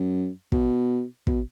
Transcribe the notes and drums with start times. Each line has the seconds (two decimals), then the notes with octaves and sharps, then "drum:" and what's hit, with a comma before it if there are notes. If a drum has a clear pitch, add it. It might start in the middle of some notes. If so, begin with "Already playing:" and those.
Already playing: F#2
0.52 B2, drum: kick
1.27 B2, drum: kick